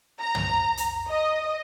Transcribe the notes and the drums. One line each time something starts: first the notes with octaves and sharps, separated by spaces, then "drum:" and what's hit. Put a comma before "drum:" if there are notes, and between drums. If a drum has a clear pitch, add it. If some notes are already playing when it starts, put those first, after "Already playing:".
A#5
drum: tom
drum: hi-hat
D#5